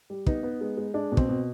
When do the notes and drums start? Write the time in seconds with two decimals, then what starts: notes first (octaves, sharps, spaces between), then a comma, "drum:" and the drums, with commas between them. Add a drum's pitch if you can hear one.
0.10 G3
0.26 B3 D#4, drum: kick
0.43 B3
0.61 G#3
0.77 G#3
0.94 G#3 D4
1.12 B2
1.17 C4, drum: kick
1.29 B2